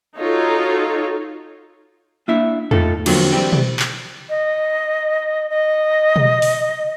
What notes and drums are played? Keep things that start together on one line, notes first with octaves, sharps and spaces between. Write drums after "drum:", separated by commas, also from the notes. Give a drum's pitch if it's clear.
D#4 F4 F#4 A4 C#5
A#3 D4 E4 E5
A3 D#4 F4 A4, drum: tom E2
D3 F3 F#3 A#3 C4, drum: cymbal
E3 G3 C4
drum: tom B2
drum: clap
D#5
D#5
drum: tom B2
drum: open hi-hat